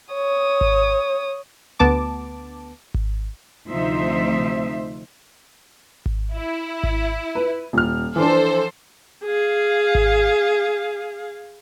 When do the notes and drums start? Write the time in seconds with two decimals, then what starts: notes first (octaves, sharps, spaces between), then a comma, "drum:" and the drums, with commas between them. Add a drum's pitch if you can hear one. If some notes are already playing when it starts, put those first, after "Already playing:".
0.13 C#5 D#6
0.61 drum: kick G#1
1.79 D2 B3 A5 D6
2.94 drum: kick G#1
3.69 D2 C3 F3 D#4 C5 E5
6.06 drum: kick G#1
6.34 E4
6.83 drum: kick G#1
7.35 B4
7.73 D#1 F6
8.16 E3 F3 D4 A4 C5
9.25 G#4 F5
9.95 drum: kick G#1